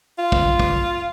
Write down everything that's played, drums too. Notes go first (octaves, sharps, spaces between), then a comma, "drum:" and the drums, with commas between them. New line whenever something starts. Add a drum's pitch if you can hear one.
F4
drum: kick
drum: kick